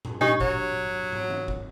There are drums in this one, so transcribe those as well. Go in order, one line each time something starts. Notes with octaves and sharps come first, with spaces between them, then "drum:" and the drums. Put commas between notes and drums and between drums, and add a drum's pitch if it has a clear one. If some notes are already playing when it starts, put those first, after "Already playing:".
drum: tom
D4 D#4 G4 C#6, drum: tom A#2
F#3, drum: kick
drum: tom
drum: tom
drum: kick